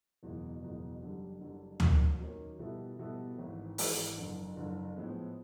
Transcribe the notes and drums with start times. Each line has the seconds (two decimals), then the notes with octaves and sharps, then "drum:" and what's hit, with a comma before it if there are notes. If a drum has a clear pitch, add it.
0.23 F#1 E2 B2 G#3
0.62 F#1 E2 B2 G#3
1.01 F#1 F#2 D3 G3
1.41 F#1 F#2 D3 G3
1.80 D#3 F#3 A#3 C#4, drum: tom D2
2.20 D#3 F#3 A#3 C#4
2.59 B2 G3 B3 E4 A4
2.99 B2 G3 B3 E4 A4
3.38 G#1 G#2 E3
3.78 G#1 G#2 E3, drum: open hi-hat
4.17 F#1 F#2 D3
4.56 F#1 F#2 D3
4.97 A2 F3 G#3 B3